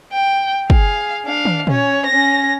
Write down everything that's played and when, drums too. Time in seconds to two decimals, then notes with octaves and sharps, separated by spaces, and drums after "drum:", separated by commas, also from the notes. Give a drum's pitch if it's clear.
0.12 G5
0.70 G#4 F5, drum: kick
1.26 D4 F5
1.45 drum: tom
1.67 C#4 C#5, drum: tom A#2
2.06 C#4 A#6